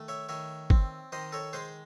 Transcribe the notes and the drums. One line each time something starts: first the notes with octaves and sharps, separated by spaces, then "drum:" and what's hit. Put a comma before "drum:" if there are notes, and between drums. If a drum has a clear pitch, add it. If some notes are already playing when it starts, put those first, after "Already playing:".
Already playing: D#3 A3
C#5 E5
D#3 C#5 E5
C4, drum: kick G1
D#3 C5 D#5
A4 C#5
G#3 G#4 C5